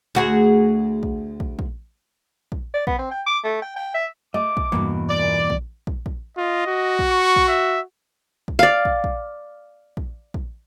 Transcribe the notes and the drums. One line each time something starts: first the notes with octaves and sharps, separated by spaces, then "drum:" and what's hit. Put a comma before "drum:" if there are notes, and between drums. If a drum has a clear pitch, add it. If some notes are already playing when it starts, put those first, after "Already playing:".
D2 F#4 G#4
drum: kick
drum: kick
drum: kick
drum: kick
D5
B3, drum: kick
C4
G5
D6
A3
G5
G5
E5
A3 D#5 D6
drum: kick
E2 G2 B2 E3 A#3 B3
F#2 A#2 D5
drum: kick
drum: kick
drum: kick
F4 D#5
F#4
drum: kick
C#6
drum: kick
E5
drum: kick
D5 F5
drum: kick
drum: kick
drum: kick
drum: kick